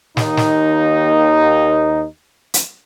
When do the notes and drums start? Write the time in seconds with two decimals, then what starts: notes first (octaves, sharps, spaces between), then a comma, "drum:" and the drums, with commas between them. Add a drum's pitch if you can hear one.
0.17 D#2 D#4, drum: snare
0.37 drum: snare
2.54 drum: hi-hat